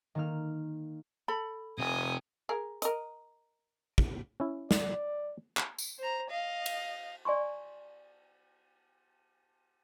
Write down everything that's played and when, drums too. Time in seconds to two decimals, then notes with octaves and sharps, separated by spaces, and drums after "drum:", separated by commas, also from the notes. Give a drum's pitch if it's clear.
0.15 D#3 A#3 F6
1.28 A4 B5
1.78 F1 C3 G5 G#5 D#6
2.49 G#4 A#4
2.82 A#4 D#5, drum: hi-hat
3.98 drum: kick
4.40 C#4 E4
4.71 D5, drum: snare
5.57 drum: clap
5.78 drum: tambourine
5.99 C5 A#5
6.30 D#5 F5
6.66 drum: cymbal
7.25 D5 G#5 C6 C#6